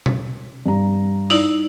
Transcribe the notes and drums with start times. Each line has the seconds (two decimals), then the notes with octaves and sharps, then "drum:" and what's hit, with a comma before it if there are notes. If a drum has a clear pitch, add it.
0.06 drum: tom B2
0.66 G2 A#5
1.30 D#4 E4 D5, drum: open hi-hat